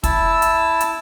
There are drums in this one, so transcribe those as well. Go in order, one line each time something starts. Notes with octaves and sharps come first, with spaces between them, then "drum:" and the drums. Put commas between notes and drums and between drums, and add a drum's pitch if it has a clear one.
E4 A5 E6, drum: kick, hi-hat
drum: hi-hat
drum: hi-hat